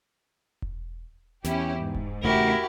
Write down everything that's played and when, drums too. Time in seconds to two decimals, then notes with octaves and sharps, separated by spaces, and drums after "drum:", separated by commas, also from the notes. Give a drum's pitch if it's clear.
0.62 drum: kick E1
1.44 E2 C#4 E4 G4, drum: snare
1.78 G#2
1.95 drum: kick E1
2.23 E2 C#3 A3 E4 F#4 G4 A#4